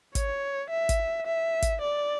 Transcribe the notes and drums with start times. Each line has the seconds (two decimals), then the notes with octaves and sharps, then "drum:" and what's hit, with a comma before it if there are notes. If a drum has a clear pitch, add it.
0.15 C#5, drum: kick, hi-hat
0.70 E5
0.89 drum: kick, hi-hat
1.26 E5
1.62 drum: kick, hi-hat
1.81 D5